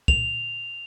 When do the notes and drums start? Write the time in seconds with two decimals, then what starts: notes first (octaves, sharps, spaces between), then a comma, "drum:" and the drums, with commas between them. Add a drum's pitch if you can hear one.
0.08 F7, drum: kick